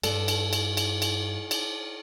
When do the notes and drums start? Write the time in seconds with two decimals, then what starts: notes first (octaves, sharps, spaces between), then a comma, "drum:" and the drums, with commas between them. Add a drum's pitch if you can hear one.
0.03 G2 A4, drum: cymbal
0.28 drum: cymbal
0.53 drum: cymbal
0.77 drum: cymbal
1.02 drum: cymbal
1.51 drum: cymbal